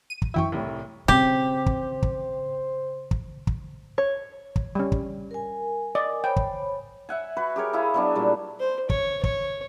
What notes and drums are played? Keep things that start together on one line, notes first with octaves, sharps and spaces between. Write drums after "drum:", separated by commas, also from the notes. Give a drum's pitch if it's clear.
D#7
drum: kick
F#2 E3 E4 E5 G5 C#6
C2 A2 G3
C#3 C4 G4 C5
drum: kick
drum: kick
drum: kick
drum: kick
C#5
drum: kick
G3 C#4
drum: kick
A#4 G#5
D5 D#5
C5 C#5 G5 B5
drum: kick
E5 F#5 G#5
F#4 B4
G4 G#4 A#4 C#5
E4 G#4 F5 B5
F#3 B3 D4
A#2 G3
C5
C#5, drum: kick
C#5, drum: kick